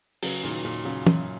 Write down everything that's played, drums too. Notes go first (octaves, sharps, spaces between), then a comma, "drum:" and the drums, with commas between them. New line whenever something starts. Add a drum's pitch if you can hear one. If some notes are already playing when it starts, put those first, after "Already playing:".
C#3 F#3, drum: open hi-hat
A#2 D#3
A#2 D#3
C#3 F#3
F#2, drum: tom E3